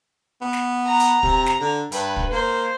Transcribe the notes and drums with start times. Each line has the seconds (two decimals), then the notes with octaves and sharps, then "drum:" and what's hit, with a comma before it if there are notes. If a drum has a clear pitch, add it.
0.41 B3
0.53 drum: snare
0.86 A#5
1.00 drum: hi-hat
1.23 C3, drum: kick
1.46 drum: snare
1.60 D3
1.92 G2 B4, drum: hi-hat
2.16 drum: kick
2.32 A#3 C5